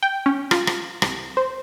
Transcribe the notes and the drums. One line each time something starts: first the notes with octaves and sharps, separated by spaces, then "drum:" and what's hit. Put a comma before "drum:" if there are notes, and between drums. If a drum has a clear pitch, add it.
G5
C#4
F4, drum: rim click
drum: rim click
C2, drum: rim click
C5